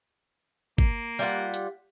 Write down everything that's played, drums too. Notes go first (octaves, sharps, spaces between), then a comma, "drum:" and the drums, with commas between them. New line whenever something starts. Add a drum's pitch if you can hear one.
A#3, drum: kick G#1
G3 F4 F#5
drum: hi-hat